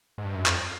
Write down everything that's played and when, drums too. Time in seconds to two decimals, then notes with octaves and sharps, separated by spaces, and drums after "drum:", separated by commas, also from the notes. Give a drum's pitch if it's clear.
0.18 G#2
0.25 G2
0.35 F#2
0.46 F2, drum: clap